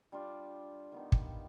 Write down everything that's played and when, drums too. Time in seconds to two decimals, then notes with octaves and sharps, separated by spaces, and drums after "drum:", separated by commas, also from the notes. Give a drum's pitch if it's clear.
0.12 G3 D4 F4
0.92 D#3 B3 D#4
1.12 drum: kick